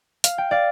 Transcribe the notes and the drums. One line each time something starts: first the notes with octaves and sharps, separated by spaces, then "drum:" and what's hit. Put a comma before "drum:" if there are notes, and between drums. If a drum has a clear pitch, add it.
F5, drum: hi-hat
G5
D5 F5